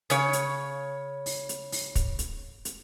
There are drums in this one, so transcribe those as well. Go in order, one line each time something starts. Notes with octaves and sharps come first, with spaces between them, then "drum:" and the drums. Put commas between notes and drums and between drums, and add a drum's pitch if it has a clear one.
C#3 C#5, drum: hi-hat
drum: hi-hat
drum: open hi-hat
drum: hi-hat
drum: open hi-hat
drum: kick, hi-hat
drum: hi-hat
drum: hi-hat